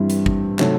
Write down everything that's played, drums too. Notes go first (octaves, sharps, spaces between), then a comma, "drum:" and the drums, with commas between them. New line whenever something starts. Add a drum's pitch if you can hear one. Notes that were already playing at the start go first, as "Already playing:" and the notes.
Already playing: G2 E3 G3 C4 E4
drum: hi-hat
drum: kick
C3 D#3 F#3 A3, drum: clap